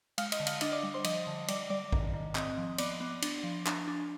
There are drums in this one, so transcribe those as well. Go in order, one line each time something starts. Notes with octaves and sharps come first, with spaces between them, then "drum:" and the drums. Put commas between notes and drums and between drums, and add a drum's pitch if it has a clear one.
G#3 F5 F6, drum: cymbal
D#5 D#6, drum: cymbal
D3
F5 F6, drum: cymbal
D4 D#5 D#6, drum: cymbal
D5 D6
G3
C5 C6
F3 D#5 D#6, drum: cymbal
D3
G3 D5 D6, drum: cymbal
G3 D5 D6
D#3, drum: kick A#1
D#3
C4 D#5 D#6, drum: clap
F3
B3 D5 D6, drum: cymbal
B3
D4, drum: cymbal
F3
D4, drum: clap
D4